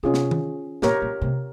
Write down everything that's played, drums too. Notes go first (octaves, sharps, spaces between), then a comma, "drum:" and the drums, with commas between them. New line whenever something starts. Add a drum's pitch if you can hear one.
C3 C#4 F4 G#4
drum: snare
drum: tom D#3
A#2 G4 A#4 C#5, drum: snare
A#2
C3